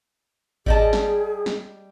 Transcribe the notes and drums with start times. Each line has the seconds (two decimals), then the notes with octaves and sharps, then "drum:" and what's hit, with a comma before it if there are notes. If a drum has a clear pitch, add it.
0.66 G3 G#4 D#5 A5, drum: kick G#1
0.93 drum: snare
1.46 drum: snare